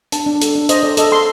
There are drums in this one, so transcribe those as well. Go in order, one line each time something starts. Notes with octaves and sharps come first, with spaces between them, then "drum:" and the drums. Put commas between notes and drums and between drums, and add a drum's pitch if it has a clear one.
D4 A5, drum: hi-hat
D4
A4, drum: hi-hat
D4
C5 D#5, drum: hi-hat
A4 D5
A4 D#5, drum: hi-hat
A4 C6